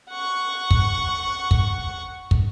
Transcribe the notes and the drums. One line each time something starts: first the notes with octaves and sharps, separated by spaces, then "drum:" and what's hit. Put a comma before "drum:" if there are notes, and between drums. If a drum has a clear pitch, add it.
F#5 C#6
drum: kick
drum: kick
drum: kick